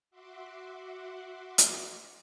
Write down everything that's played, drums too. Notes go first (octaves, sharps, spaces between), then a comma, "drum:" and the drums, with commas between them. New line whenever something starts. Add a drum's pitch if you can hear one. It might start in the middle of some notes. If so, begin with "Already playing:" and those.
F#4 E5 F#5 C6 D6
drum: hi-hat